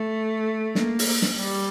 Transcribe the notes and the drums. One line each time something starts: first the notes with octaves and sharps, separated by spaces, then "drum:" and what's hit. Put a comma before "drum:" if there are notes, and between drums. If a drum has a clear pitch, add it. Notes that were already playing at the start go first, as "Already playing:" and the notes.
Already playing: A3
A#3, drum: snare
drum: open hi-hat
drum: snare
G3